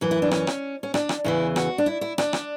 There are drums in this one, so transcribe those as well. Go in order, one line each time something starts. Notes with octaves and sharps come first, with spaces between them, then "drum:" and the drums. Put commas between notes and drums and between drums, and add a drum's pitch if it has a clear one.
F#2 E3
E4
D4
C#4, drum: rim click
drum: rim click
C#4
D4, drum: rim click
drum: rim click
E2 C#3 E3 E4
F#4, drum: rim click
D4
E4
E4
D4, drum: rim click
drum: rim click